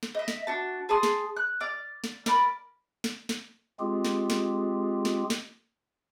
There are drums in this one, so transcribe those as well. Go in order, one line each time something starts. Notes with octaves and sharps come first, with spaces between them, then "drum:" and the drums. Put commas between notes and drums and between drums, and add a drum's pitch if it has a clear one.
drum: snare
D#5 E5
drum: snare
D4 F#4 A5
G#4 A5 C6 D#6
drum: snare
F#6
D5 F6
drum: snare
A#4 D5 B5, drum: snare
drum: snare
drum: snare
G#3 C4 F4 G4 G#4
drum: snare
drum: snare
drum: snare
drum: snare